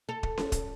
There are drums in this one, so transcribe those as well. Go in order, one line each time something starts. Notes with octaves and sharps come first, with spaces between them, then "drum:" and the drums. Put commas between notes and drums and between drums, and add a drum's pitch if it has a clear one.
A4
drum: kick D#1
drum: snare C#4
drum: kick D#1, hi-hat